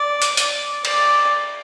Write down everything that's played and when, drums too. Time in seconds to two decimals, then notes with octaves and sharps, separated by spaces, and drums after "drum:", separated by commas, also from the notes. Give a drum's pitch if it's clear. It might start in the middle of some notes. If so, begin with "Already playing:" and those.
Already playing: D5
0.22 drum: hi-hat
0.37 D5, drum: hi-hat
0.85 D5, drum: cymbal